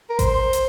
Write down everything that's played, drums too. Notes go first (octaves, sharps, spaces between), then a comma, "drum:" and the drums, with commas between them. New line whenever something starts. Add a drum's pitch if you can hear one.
A#4
C5, drum: kick A1, hi-hat
drum: hi-hat